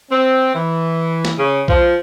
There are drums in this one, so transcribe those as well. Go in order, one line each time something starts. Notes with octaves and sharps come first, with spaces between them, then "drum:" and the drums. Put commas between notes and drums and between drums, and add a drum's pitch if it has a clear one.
C4
E3
drum: snare
C#3
F3, drum: kick B1